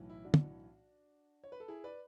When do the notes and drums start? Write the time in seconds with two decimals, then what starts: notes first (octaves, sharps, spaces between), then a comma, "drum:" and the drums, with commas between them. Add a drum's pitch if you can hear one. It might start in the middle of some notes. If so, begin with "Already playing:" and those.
Already playing: B1 A2 E3
0.10 E4
0.24 D4 F#4
0.34 drum: tom
1.44 C#5
1.52 B4
1.60 A4
1.68 E4 G#4
1.84 B4 D5